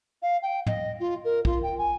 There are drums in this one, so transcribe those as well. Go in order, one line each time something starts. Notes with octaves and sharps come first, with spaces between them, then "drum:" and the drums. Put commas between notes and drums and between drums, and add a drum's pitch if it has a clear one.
F5
G5
D#5, drum: tom
F4
A#4
F4, drum: kick
G5
G#5